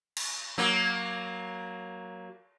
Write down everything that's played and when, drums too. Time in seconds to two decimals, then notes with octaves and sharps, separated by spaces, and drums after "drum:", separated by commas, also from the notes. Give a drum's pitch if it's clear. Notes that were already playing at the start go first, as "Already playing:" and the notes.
0.17 drum: cymbal
0.58 F#3 A#3